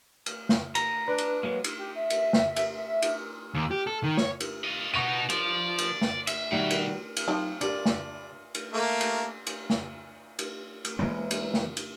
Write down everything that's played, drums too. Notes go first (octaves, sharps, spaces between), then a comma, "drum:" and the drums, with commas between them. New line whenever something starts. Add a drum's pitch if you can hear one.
drum: cymbal
drum: snare
A#5, drum: cymbal
D4 B4
drum: cymbal
F#3 G#3 A#3
drum: cymbal
G4
E5
drum: cymbal
drum: snare
drum: cymbal
E5
drum: cymbal
D#2
G4
A4
D#3
C#5, drum: snare
drum: cymbal
F4 D#5
B2 B3 D#4 C#6 D#7
F3 D5, drum: cymbal
drum: cymbal
drum: snare
E5, drum: cymbal
B2 D#3 G3 F#4
drum: cymbal
drum: cymbal
F3 F#3 C4 D#4 C#6
D4 G4 D5 A5 B5, drum: cymbal
drum: snare
drum: cymbal
A3 A#3
drum: cymbal
drum: cymbal
drum: snare
drum: cymbal
drum: cymbal
E3 G#3 A#3 B3
drum: cymbal
drum: snare
drum: cymbal